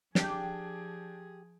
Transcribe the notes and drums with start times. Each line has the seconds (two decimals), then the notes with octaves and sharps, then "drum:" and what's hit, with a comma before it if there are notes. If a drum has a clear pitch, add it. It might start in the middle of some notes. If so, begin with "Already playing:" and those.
0.15 F3 D4 G4 G#4 G5, drum: snare